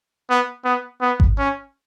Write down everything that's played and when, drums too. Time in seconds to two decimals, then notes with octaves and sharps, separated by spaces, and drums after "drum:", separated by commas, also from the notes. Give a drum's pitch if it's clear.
0.30 B3
0.65 B3
1.01 B3
1.20 drum: kick G#1
1.38 C#4